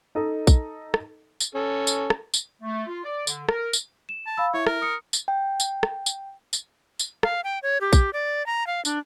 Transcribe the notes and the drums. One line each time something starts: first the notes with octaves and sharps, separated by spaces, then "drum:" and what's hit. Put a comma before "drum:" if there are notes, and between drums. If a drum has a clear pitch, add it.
D#4 A4 D#5
drum: kick A#1, tambourine
drum: rim click
drum: tambourine
C#4 A4
drum: tambourine
drum: rim click
drum: tambourine
A3
F4
D5
D3, drum: tambourine
A#4, drum: rim click
drum: tambourine
E7
A5
F5 B5 E6
E4 C#5 E5
A#4, drum: rim click
D#6 C#7
drum: tambourine
G5
drum: tambourine
drum: rim click
drum: tambourine
drum: tambourine
drum: tambourine
F5, drum: rim click
G5
C#5
G4
drum: kick A#1, tambourine
D5
A#5
F5
D4, drum: tambourine